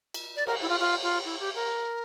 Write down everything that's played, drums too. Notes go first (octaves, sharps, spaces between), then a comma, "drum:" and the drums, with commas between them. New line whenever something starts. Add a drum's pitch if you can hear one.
drum: cymbal
D5
A#4, drum: cymbal
E4
F4
F4
F4
E4
G4
A#4